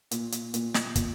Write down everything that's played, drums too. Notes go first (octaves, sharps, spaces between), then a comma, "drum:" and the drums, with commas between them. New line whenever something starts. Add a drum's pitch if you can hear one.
A#2, drum: hi-hat
drum: hi-hat
A#2, drum: hi-hat
drum: snare
A#2, drum: kick, hi-hat